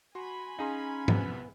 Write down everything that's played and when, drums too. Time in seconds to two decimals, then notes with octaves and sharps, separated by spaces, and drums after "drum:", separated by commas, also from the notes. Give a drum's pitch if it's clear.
0.15 F#4 G#5 B5 C6
0.59 C#4 D#4 G#4 F5 A#5 C6
1.08 C2 F2 C3 B3, drum: tom G#2